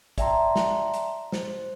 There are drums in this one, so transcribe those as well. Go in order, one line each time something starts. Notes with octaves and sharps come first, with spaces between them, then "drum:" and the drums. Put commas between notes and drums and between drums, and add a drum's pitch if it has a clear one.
D5 E5 G5 A5 A#5 C6, drum: kick, hi-hat
drum: snare
drum: hi-hat
C5, drum: snare